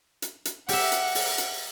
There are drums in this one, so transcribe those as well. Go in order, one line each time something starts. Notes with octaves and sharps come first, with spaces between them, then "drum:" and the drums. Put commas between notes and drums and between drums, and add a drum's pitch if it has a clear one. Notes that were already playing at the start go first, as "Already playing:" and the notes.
drum: hi-hat
drum: hi-hat
G4 E5 F#5, drum: open hi-hat
drum: hi-hat
drum: open hi-hat
drum: hi-hat